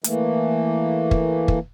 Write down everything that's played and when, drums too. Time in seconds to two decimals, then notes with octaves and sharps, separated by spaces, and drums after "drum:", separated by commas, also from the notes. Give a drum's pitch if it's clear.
0.04 E3 A3 A#3, drum: hi-hat
1.11 drum: kick
1.48 drum: kick